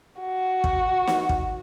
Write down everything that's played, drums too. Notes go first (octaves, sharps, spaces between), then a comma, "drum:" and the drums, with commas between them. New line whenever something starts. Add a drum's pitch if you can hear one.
F#4
drum: kick
drum: snare
drum: kick